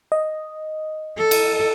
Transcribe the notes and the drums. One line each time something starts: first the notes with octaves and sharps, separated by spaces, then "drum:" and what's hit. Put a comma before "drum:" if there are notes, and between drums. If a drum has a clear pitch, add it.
D#5
A4
drum: cymbal